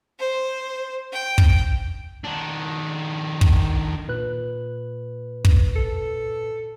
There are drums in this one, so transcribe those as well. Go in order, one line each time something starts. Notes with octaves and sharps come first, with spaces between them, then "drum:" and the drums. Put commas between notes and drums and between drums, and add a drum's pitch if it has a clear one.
C5
G5
drum: kick
D#3 D4
drum: kick
A#2 B4 F#6
drum: kick
A4